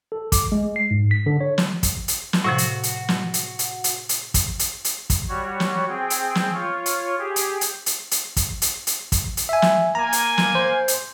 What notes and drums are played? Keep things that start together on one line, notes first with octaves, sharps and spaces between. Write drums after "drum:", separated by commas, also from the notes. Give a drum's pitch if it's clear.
A4
D6, drum: kick, hi-hat
G#3
C7
G#2
B6
D3
C#5
drum: snare
drum: kick, hi-hat
drum: hi-hat
drum: snare
A2 C3 F3 F#4
drum: hi-hat
drum: hi-hat
drum: snare
drum: hi-hat
drum: hi-hat
drum: hi-hat
drum: hi-hat
drum: kick, hi-hat
drum: hi-hat
drum: hi-hat
drum: kick, hi-hat
G3 F#4 C#5
drum: snare
C4 G#4 G5
drum: hi-hat
drum: snare
F4 C#5
drum: hi-hat
G4 G#4
drum: hi-hat
drum: hi-hat
drum: hi-hat
drum: hi-hat
drum: kick, hi-hat
drum: hi-hat
drum: hi-hat
drum: kick, hi-hat
drum: hi-hat
E5 G#5
drum: snare
A#3 G#5 A#5
drum: hi-hat
drum: snare
C5
drum: hi-hat